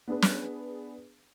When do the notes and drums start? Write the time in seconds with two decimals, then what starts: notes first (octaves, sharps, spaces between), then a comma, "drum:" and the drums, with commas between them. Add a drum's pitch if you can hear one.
0.08 B3 D4 G#4 B4
0.22 drum: snare